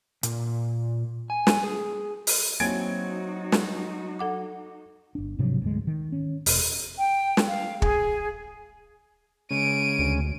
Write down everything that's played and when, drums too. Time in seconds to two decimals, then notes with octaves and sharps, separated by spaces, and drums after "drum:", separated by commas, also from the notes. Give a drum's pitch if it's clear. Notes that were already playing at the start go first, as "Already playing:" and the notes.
0.23 A#2, drum: hi-hat
1.30 G#5
1.47 drum: snare
1.64 G#4
2.27 drum: open hi-hat
2.60 F#3 A#3 C4 D#4 E4 F#4 G#6 D7
3.52 drum: snare
4.19 A4 F#5 D6
5.15 G1 D4
5.38 G#2 C3 F3 F#3
5.62 D2 G#2 G#3
5.87 D#3
6.12 C#4
6.46 E1, drum: open hi-hat
6.98 G5
7.37 drum: snare
7.47 F5
7.82 G#4, drum: kick
9.51 C#3 G#3 C#4 D7 D#7
9.99 D2